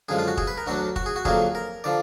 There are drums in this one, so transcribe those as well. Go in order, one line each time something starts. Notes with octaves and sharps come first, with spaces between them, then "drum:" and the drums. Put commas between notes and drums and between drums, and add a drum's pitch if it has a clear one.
F#2 D3 F3 G#3 G#4
F4
F#4
G#4, drum: kick
B4
A#4
D2 D3 F#3 D4 F#4
F#4, drum: kick
G#4
F#4
F2 D3 F#3 A#3 G#4, drum: kick
A#4
D3 F3 D5